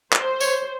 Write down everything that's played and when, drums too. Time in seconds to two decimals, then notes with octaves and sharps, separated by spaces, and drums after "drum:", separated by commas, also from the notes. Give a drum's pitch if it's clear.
0.13 C5, drum: clap
0.41 C#5, drum: tambourine